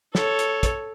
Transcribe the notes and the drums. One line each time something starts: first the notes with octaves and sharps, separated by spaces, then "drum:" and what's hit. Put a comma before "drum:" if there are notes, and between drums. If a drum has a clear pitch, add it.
A4 C#5, drum: snare
drum: hi-hat
drum: kick, hi-hat